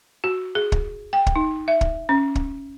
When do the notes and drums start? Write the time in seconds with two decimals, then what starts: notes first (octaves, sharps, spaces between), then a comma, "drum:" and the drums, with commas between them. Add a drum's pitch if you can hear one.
0.24 F#4
0.55 G#4
0.72 drum: kick
1.13 G5
1.26 drum: kick
1.35 D#4
1.68 E5
1.81 drum: kick
2.09 C#4
2.35 drum: kick